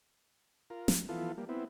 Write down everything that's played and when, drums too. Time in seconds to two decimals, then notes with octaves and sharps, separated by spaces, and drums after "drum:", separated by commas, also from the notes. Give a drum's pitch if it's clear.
0.70 F4 A#4
0.88 drum: snare
1.09 E3 F3 B3 F4 A4
1.37 G3 A#3
1.49 B3 C4 E4